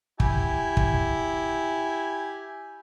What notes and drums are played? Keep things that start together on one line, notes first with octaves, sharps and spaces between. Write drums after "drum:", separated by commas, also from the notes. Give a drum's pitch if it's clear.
E4 G4 G#5, drum: kick
drum: kick